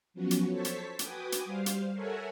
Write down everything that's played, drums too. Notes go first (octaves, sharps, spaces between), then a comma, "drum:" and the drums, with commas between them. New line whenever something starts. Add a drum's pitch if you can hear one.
F3 F#3 B3 C#4 F#4
drum: hi-hat
A4 C5 C#5 A5 C#6 B6
drum: hi-hat
F#4 B4 G5 G#5 D6 D#6, drum: hi-hat
drum: hi-hat
G3 C5 F5
drum: hi-hat
A4 A#4 C#5 E5 F#5 G#5